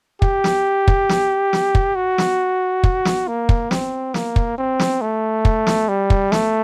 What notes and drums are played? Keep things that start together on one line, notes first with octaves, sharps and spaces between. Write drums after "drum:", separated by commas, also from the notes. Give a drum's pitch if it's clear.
G4, drum: kick
drum: snare
drum: kick
drum: snare
drum: snare
drum: kick
F#4
drum: snare
drum: kick
drum: snare
A#3
drum: kick
C4, drum: snare
A#3, drum: snare
drum: kick
C4
drum: snare
A3
drum: kick
drum: snare
G3
drum: kick
A3, drum: snare